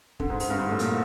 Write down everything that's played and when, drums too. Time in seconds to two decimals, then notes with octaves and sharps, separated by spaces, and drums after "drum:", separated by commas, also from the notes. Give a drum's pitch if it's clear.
0.20 D3, drum: kick
0.29 G#2
0.40 G#2, drum: open hi-hat
0.50 G2
0.58 G#2
0.69 A2
0.79 A#2, drum: hi-hat